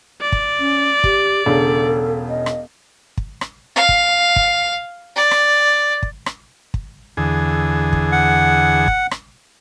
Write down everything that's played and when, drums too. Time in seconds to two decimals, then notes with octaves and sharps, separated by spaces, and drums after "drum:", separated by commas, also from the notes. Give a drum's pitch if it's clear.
0.21 D5
0.32 drum: kick
0.59 C#4
1.04 G4, drum: kick
1.46 E1 C#3 D4 A4
2.29 D#5
2.46 drum: rim click
3.17 drum: kick
3.41 drum: rim click
3.76 F5
3.89 drum: kick
4.36 drum: kick
5.16 D5
5.31 drum: rim click
6.03 drum: kick
6.26 drum: rim click
6.74 drum: kick
7.17 E2 D3 G#4
7.93 drum: kick
8.12 F#5
8.88 drum: kick
9.11 drum: rim click